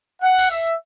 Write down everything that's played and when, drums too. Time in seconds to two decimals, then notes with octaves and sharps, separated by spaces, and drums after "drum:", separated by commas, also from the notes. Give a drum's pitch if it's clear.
0.22 F#5
0.39 drum: open hi-hat
0.50 E5